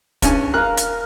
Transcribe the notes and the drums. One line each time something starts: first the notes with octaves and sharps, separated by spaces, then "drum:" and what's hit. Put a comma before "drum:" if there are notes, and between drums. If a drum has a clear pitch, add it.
G2 C#4 G#5, drum: kick, hi-hat
A#4 F5 F#6
drum: hi-hat